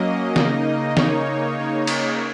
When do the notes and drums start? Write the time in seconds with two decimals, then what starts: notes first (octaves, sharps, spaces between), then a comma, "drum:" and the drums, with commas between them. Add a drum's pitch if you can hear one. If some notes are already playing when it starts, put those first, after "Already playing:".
Already playing: F#3 A#3 C#4 D#5
0.36 C#3 A#3 D#4, drum: snare
0.97 C#3 A#3 D#4 C#5, drum: snare
1.58 C#3 A#3 D#4
1.87 drum: cymbal